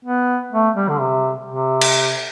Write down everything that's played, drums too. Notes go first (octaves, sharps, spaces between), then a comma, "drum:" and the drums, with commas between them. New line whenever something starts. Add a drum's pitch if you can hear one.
B3
A3
G3
D3
C3
C3
drum: cymbal